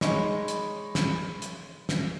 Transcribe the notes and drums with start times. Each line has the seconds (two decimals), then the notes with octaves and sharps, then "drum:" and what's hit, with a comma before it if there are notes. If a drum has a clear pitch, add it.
0.01 G#3 D#4 C#5 B5, drum: snare
0.48 drum: hi-hat
0.95 drum: snare
1.42 drum: hi-hat
1.89 drum: snare